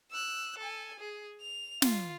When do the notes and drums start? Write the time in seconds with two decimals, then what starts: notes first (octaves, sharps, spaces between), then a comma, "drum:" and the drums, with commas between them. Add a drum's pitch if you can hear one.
0.12 E6 F#6
0.58 A4 G#5
0.99 G#4
1.41 F7
1.82 F4, drum: snare